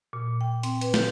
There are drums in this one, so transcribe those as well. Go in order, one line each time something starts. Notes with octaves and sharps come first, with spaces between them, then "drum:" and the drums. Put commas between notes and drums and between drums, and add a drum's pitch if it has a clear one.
A#2
G5
C4, drum: hi-hat
B4, drum: hi-hat
G4, drum: snare